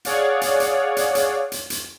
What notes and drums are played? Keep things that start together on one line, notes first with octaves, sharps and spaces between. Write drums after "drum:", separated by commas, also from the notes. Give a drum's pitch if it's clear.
G#4 C#5 D5 F5 F#5, drum: hi-hat
drum: hi-hat
drum: hi-hat
drum: hi-hat
drum: hi-hat
drum: hi-hat
drum: hi-hat